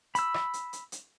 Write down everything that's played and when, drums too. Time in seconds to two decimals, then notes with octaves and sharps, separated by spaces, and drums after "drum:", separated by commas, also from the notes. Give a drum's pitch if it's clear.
0.15 B5 E6, drum: hi-hat
0.34 drum: rim click
0.54 drum: hi-hat
0.73 drum: hi-hat
0.92 drum: hi-hat